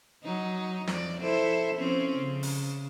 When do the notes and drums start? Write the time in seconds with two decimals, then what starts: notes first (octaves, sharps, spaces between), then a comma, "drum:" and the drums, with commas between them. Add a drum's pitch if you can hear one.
0.24 F#3 D#4
0.87 F2 D5, drum: snare
1.20 E4 A4 C5
1.76 F3 C4 C#4
2.18 C#3
2.43 drum: open hi-hat